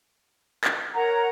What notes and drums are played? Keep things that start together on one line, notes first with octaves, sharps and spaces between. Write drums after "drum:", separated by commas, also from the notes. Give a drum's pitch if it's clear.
drum: clap
A#4 C#5 F#5 A#5